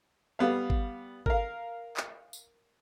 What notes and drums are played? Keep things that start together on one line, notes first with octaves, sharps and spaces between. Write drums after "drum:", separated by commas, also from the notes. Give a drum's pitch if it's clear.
G3 B3 F5
drum: kick G#1
A#4 F5, drum: kick G#1
drum: clap
drum: tambourine